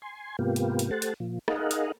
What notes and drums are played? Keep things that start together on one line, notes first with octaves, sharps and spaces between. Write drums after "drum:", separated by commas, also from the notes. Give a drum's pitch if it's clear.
G#5 C6
G#2 C3 A#3 B3 F4 G4
drum: hi-hat
drum: hi-hat
A3 G4 A4 C5 F#5 A5
drum: hi-hat
A#2 F3
D#4 G#4 A#4 D#5 F5 F#5, drum: rim click
drum: hi-hat